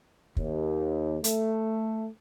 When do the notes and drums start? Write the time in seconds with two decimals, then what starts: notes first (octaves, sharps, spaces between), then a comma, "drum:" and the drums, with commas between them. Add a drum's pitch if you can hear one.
0.37 D#2, drum: kick
1.24 A3, drum: hi-hat